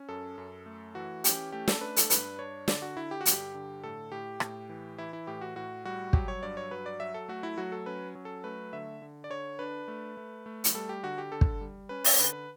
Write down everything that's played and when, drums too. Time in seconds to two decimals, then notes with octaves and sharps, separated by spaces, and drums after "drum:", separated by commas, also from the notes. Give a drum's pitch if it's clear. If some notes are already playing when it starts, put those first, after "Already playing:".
Already playing: C#4
0.09 F#2 A4
0.38 F#2
0.66 A3
0.95 E3 F#4
1.24 C#4 G4, drum: hi-hat
1.52 A3 G4
1.68 A4, drum: snare
1.81 D4 B4
1.96 A4, drum: hi-hat
2.10 G2 B4, drum: hi-hat
2.39 D4 C#5
2.68 D3 D5, drum: snare
2.82 F#4
2.97 D3 E4
3.11 G4
3.21 F#4
3.26 G2 G4, drum: hi-hat
3.55 D3
3.84 A2 A4
4.12 A2 G4
4.40 A2, drum: rim click
4.69 E3
4.98 E3 E4
5.13 E4
5.27 A2 G4
5.41 F#4
5.56 A2 F#4
5.85 G3 F#4
6.13 F#3 G4, drum: kick
6.28 C#5
6.43 G2 D5
6.57 C#5
6.71 F#3 B4
6.86 D5
7.00 F#3 E5
7.14 A4
7.28 A3 F#4
7.43 E4
7.58 F#3 F#4
7.72 A4
7.86 C#4 B4
8.15 F#3
8.25 A4
8.44 A3 B4
8.73 D3 E5
9.02 D3
9.24 D5
9.30 D3 C#5
9.59 D4 B4
9.88 A3
10.17 A3
10.46 A3
10.64 drum: hi-hat
10.74 G3 A4
10.89 G4
11.03 D3 F#4
11.18 G4
11.32 D3 A4
11.41 drum: kick
11.61 G3
11.89 C#4 B4
12.04 C#5, drum: open hi-hat
12.19 D3 B4
12.33 B4